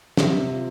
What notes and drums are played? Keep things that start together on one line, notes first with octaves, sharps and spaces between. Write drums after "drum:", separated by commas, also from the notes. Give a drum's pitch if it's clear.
C3, drum: snare
F4